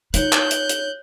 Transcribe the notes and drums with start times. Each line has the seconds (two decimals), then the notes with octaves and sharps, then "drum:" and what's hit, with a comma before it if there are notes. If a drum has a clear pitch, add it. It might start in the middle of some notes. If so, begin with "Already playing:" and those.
0.14 D#4 F4 C#5 F#6 G6, drum: hi-hat
0.32 drum: clap
0.51 drum: hi-hat
0.69 drum: hi-hat